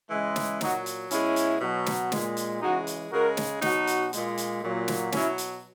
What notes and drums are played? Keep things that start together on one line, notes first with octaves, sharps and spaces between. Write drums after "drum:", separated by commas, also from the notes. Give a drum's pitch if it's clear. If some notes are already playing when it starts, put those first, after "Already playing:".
C#3 E3 G#3
drum: snare
A#2 F#3 D#4 F#4, drum: snare
drum: hi-hat
B2 G#3 C#4 E4, drum: hi-hat
drum: hi-hat
B2 F#3
drum: snare
A#2 G#3, drum: snare
drum: hi-hat
C#3 E3 G#3 D#4 F#4
drum: hi-hat
C#3 G#3 F#4 A#4
drum: snare
B2 F#3 D#4 F#4, drum: snare
drum: hi-hat
A#2 G#3, drum: hi-hat
drum: hi-hat
A#2 F#3
drum: snare
B2 F#3 C#4 E4, drum: snare
drum: hi-hat